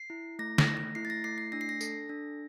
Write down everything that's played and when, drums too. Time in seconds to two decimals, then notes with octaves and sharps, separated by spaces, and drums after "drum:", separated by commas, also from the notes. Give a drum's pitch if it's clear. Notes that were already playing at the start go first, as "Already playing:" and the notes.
Already playing: C7
0.10 E4
0.39 A3 A#6
0.58 A#6, drum: snare
0.67 A3
0.77 A#6
0.95 E4 C7
1.05 A6
1.10 A#6
1.24 A3 C7
1.38 C7
1.52 D4 A#6
1.61 C7
1.69 A#6
1.81 A4, drum: tambourine
2.09 D4